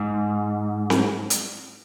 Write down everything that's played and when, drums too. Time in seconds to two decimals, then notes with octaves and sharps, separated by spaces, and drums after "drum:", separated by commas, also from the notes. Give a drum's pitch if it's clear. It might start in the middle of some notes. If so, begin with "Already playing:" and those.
Already playing: G#2
0.90 drum: snare C4
1.30 drum: hi-hat